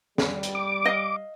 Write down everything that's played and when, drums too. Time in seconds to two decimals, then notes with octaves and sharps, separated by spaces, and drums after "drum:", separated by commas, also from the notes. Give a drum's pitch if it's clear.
0.18 G3, drum: snare
0.43 drum: hi-hat
0.55 D6
0.85 D#5 F5